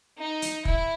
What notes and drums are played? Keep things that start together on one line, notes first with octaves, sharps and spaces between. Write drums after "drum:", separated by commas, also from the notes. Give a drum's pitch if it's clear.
D#4
drum: hi-hat
E4, drum: kick